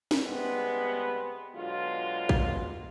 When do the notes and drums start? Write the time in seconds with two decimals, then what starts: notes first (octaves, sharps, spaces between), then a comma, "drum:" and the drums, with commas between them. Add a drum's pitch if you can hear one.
0.11 drum: snare
0.22 C3 G3 G#3 B3
1.55 B2 D3 F#3 G#3 F4
2.29 drum: kick